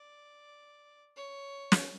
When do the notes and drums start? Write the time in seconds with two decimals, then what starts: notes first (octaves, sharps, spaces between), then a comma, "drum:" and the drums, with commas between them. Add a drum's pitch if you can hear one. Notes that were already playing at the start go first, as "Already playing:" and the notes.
Already playing: D5
1.16 C#5
1.72 drum: snare